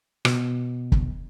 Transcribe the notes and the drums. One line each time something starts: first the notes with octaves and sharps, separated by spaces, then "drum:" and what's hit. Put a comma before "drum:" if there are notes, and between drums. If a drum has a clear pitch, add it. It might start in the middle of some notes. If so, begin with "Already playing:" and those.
B2, drum: rim click
drum: kick